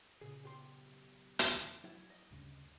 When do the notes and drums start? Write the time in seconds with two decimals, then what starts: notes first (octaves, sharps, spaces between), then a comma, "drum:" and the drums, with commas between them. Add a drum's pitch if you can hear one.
0.21 A#2 C#3 G#4
0.44 B1 G4 C6
1.39 drum: hi-hat
1.84 F#3 E4
2.10 D#5
2.31 D2 G2 C#3